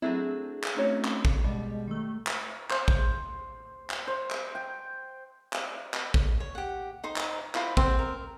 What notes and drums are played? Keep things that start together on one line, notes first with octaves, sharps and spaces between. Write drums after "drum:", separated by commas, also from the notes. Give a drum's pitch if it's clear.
F#3 A3 C4 D4 E4 G#4
drum: clap
A3 C4 C#4 D#4 F#4 C#5
drum: clap
drum: kick A1
B2 G3 G#3
D#3 A3
drum: clap
C5, drum: clap
drum: kick A1
drum: clap
C5
drum: clap
G5
drum: clap
drum: clap
drum: kick A1
C#5
G4 F#5
D#4 C5 A#5
drum: clap
E4 F4 C5, drum: clap
C4 C5 F#5, drum: kick A1
A#4